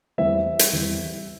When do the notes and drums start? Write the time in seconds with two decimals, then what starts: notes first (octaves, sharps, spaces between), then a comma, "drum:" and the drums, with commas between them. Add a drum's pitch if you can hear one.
0.18 E2 E3 G3 C4 E5
0.59 drum: hi-hat
0.73 E2 E3 G3 C4